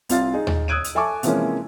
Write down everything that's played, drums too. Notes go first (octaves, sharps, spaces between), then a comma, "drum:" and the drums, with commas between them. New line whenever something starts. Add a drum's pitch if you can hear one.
C2 C3 F4 F5 A6, drum: hi-hat
D#4 G#4
drum: tom D#2
D#6 E6 F#6 G#6 D7 D#7
drum: hi-hat
A4 E5 G#5 A5 C#6 D6
C3 E3 F3 G#3 A#3 C#4, drum: hi-hat